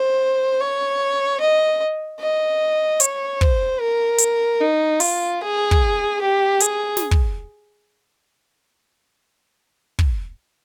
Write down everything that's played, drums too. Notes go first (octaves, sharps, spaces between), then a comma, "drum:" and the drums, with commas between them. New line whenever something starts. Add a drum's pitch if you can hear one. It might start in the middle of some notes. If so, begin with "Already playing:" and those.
Already playing: C5
C#5
D#5
D#5
C#5, drum: hi-hat
C5, drum: kick
A#4
drum: hi-hat
D#4
F4, drum: open hi-hat
G#4
drum: kick
G4
G#4, drum: hi-hat
drum: snare
drum: kick
drum: kick